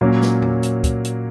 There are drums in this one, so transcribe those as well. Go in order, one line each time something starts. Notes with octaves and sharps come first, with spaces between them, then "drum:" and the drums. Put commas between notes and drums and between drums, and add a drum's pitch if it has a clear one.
A#2 F#3 A#3 C#4
drum: snare
drum: tom E2
drum: hi-hat
drum: kick, hi-hat
drum: hi-hat